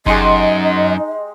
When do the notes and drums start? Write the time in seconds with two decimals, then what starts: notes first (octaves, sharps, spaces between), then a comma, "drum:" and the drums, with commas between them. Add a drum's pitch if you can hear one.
0.06 F#2 G#3 D#4 G4 D#5 C6, drum: kick F#1